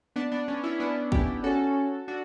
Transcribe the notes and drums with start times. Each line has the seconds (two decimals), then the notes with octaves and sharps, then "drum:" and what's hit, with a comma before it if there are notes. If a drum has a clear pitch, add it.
0.16 B3 D4
0.32 B3 D4
0.48 C#4
0.64 C#4 E4
0.80 B3 D4
1.12 E4 G4, drum: kick
1.44 C#4 F#4 A4
2.08 D4 F#4